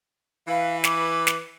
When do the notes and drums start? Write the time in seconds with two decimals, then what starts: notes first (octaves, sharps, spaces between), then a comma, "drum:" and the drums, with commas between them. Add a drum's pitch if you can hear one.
0.48 E3 B4 F5
0.84 D6, drum: snare
1.27 drum: snare